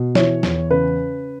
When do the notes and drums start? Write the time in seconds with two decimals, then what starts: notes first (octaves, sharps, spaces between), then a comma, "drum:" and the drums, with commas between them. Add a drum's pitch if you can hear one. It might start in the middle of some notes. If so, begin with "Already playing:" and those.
Already playing: B2
0.15 E3 C#5, drum: snare
0.43 E2, drum: snare
0.71 C#3 B4